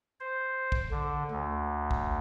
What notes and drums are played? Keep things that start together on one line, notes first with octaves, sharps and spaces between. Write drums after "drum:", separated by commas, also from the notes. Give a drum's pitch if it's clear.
C5
drum: kick
D3
D2
drum: kick